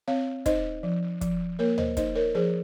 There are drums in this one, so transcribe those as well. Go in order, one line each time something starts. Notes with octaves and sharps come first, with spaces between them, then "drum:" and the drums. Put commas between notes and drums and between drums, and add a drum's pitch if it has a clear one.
C4 C#5 F5
D#4 C5 D#5, drum: kick, hi-hat
F3
F3, drum: kick, hi-hat
A#3 A#4 C#5
C5 D#5, drum: tom D2
D#4 C5 D#5, drum: kick, hi-hat
A#4 C#5
F3 G#4 C5